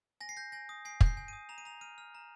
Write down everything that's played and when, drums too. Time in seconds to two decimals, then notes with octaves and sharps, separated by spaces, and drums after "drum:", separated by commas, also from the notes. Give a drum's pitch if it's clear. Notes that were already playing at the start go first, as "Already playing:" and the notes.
0.21 G#5 A#6
0.29 C7
0.37 G6 A#6
0.52 G#5 A#6
0.69 D#6
0.85 G#5 C7
1.01 G6, drum: kick
1.06 C7
1.17 G#5
1.28 D#6 D#7
1.49 A#5 F7
1.58 D#7
1.65 A#5 F7
1.81 F6 D#7
1.98 F6
2.15 A#5